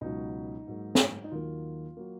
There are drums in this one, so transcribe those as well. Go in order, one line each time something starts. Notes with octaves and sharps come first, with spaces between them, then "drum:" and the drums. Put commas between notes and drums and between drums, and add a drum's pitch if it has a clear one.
C#2 B2 F#3 D#4
G#2 F#3 A#3
drum: snare
D#4
D#2 D#3 F#3 A#3 F4
F#3 A#3